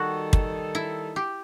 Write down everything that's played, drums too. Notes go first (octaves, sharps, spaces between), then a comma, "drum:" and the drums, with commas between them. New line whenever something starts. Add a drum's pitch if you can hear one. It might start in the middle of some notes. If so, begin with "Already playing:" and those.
Already playing: D#3 G3 D#4 F#4 A4
drum: kick
E4
G4